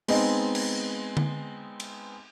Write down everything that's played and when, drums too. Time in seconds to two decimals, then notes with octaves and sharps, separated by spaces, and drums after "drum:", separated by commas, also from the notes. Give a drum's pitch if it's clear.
0.08 G#3 B3 C4 D#4, drum: cymbal
0.55 drum: cymbal
1.17 drum: tom D3
1.80 drum: cymbal